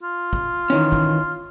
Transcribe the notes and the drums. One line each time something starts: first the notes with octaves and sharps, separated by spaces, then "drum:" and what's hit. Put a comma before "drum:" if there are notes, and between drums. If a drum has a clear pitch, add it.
F4
drum: kick
D#3 E3 C#4
drum: kick